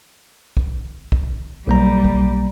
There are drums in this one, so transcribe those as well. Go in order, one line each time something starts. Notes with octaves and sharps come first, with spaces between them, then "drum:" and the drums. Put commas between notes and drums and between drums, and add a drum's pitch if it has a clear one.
drum: kick
drum: kick
B1 G3 A#3 A#5
drum: kick